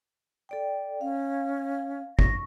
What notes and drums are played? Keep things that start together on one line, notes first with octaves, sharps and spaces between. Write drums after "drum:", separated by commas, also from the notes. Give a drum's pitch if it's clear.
A4 D5 G5
C#4 F5
C#6 A#6, drum: kick